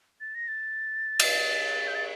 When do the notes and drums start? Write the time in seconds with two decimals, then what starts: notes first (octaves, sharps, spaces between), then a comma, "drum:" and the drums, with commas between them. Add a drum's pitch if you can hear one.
0.21 A6
0.35 A#6
0.48 A6
1.20 drum: cymbal
1.87 G6
1.95 A6